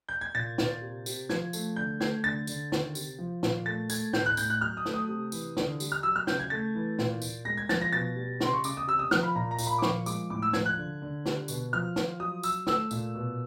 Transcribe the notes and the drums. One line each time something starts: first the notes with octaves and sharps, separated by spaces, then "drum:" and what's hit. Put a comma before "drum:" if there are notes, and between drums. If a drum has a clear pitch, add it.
G6
G#6
A#2 A6
A#2, drum: snare
C3
C3, drum: tambourine
F3 G#6, drum: snare
A3, drum: tambourine
D3 G6
A3 G#6, drum: snare
D3 A6
D3, drum: tambourine
D#3, drum: snare
C3, drum: tambourine
F3
A#2, drum: snare
A3 A6
A3 G#6, drum: tambourine
A2 G6, drum: snare
F#6
A2 G6, drum: tambourine
F#6
F#3 F6
D#6
A3, drum: snare
D#6
C3
E3, drum: tambourine
D3, drum: snare
G3, drum: tambourine
F6
F#3 E6
F6
C#3 G6, drum: snare
G#6
A3 A6
E3
A#2, drum: snare
A#2, drum: tambourine
G#3 A#6
G#6
F3 A6, drum: snare
A#6
B2 A6
G3
C#3 C6, drum: snare
C#6
C#3 D6, drum: tambourine
D#6
C3 E6
D#6
F3 F6, drum: snare
B5
A#2 A#5
A#5
A#2, drum: tambourine
B5
D6
F3 C#6, drum: snare
G#3 D6, drum: tambourine
A2 D6
E6
F3 G#6, drum: snare
F#6
D3
D3
G3, drum: snare
B2, drum: tambourine
F3 F6
F3, drum: snare
F#3 D#6
F#3 E6, drum: tambourine
A3 E6, drum: snare
A#2, drum: tambourine
B2